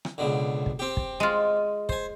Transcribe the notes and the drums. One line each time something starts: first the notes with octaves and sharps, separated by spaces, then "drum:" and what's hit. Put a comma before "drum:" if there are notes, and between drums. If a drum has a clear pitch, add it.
drum: rim click
C#2 B2 D3
drum: kick
C4 G4
drum: kick
G#3 F4
C5 G#5, drum: kick